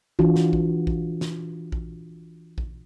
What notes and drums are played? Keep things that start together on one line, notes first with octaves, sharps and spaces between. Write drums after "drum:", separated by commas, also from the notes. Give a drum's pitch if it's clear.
E3 D4 F4 F#4, drum: kick A#1
drum: snare
drum: kick A#1
drum: kick A#1
drum: snare
drum: kick A#1
drum: kick A#1